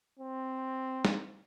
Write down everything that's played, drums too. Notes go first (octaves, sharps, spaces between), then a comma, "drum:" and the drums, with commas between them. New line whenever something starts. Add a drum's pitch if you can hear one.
C4
drum: snare